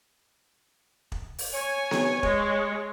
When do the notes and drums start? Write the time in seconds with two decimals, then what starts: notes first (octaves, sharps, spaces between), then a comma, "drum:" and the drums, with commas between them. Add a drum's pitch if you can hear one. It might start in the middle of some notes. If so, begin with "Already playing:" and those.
1.12 drum: kick
1.38 drum: open hi-hat
1.54 C#5 G#5
1.91 drum: snare B3
2.23 G#3, drum: kick